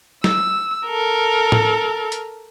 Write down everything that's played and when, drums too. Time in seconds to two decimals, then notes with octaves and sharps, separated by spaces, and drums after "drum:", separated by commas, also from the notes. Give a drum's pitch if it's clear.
0.24 E6, drum: snare
0.86 A4 A#4
1.52 drum: tom
2.12 drum: hi-hat